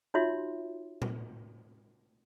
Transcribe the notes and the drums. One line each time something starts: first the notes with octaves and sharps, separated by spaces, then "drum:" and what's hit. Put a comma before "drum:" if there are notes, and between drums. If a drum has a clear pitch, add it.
D#4 F4 F#4 C#5 E5 C6
drum: tom A#2